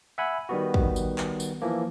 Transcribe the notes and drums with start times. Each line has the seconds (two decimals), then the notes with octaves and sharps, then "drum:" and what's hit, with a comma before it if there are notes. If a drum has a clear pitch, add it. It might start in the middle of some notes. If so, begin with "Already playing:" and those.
0.18 E5 F#5 G#5 B5
0.49 D#3 G3 B3 F#4
0.74 drum: kick
0.96 drum: tambourine
1.18 drum: clap
1.40 drum: tambourine
1.62 E3 F3 A#3